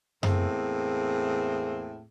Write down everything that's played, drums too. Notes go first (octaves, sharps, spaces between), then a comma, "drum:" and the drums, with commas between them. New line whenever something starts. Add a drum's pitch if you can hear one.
E2 A2 A#3 C4 G#4, drum: tom F#2